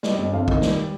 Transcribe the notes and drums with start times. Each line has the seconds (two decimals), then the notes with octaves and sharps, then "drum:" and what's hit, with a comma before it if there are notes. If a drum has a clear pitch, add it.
0.03 G3 D#5, drum: snare
0.18 G1 D#5
0.33 F2 F5
0.48 D#3 D#5, drum: kick
0.62 G3, drum: snare